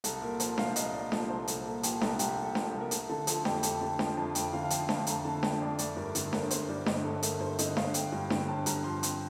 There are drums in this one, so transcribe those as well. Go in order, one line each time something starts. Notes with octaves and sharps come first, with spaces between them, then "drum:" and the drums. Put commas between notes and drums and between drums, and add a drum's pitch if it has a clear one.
C2 A4, drum: hi-hat
A#2 A#4
F3 C5, drum: hi-hat
C2 F5, drum: snare D4
C2 D#5, drum: hi-hat
A#2 D5
F3 A4, drum: snare D4
C2 C5
C2 A4, drum: hi-hat
A#2 A4
F3 G4, drum: hi-hat
C2 A4, drum: snare D4
C2 G4, drum: hi-hat
A#2
A4
F3, drum: snare D4
C2
A#4
A3 A4, drum: hi-hat
D3 A4
F3 A4, drum: hi-hat
F2 G4, drum: snare D4
A3 A4, drum: hi-hat
D3 A4
F3 G5, drum: snare D4
F2 A5
A3 G5, drum: hi-hat
D3 F5
F5
F3 G5, drum: hi-hat
F2 A5, drum: snare D4
A3 A#5, drum: hi-hat
D3 A5
F3 G5, drum: snare D4
F2 D5
A3 D5, drum: hi-hat
G2 A#4
D3 A4, drum: hi-hat
G1 A#4, drum: snare D4
A3 C5, drum: hi-hat
G2 D5
D3 D#5, drum: snare D4
G1 A4
A3 A#4, drum: hi-hat
G2 C5
D3 D#5, drum: hi-hat
G1 F5, drum: snare D4
A3 G5, drum: hi-hat
G2 G5
D3 G5, drum: snare D4
G1 A5
G2 A#5, drum: hi-hat
F3 C6
C4, drum: hi-hat